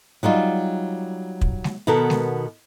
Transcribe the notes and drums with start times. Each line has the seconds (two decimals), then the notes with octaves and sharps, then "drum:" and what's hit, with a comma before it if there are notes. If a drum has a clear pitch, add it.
0.23 F#3 G3 D#4 F4
1.41 drum: kick
1.64 drum: snare G#3
1.87 B2 D#3 B3 A4 A#4
2.10 drum: snare G#3